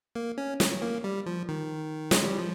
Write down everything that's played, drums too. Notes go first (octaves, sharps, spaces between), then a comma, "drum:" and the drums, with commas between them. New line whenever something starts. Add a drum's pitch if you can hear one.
A#3
C#4
drum: snare
A#3
G3
F3
D#3
G#3, drum: snare
G3
F3